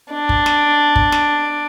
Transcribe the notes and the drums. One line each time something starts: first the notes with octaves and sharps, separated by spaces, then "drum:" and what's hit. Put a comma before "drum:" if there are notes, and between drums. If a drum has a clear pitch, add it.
D4
drum: kick
drum: snare
drum: kick
drum: snare